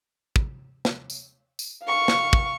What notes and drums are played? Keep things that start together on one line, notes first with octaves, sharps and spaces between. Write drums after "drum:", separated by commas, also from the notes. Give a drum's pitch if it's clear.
drum: kick
drum: snare
drum: tambourine
drum: tambourine
F5 C#6
drum: snare
drum: kick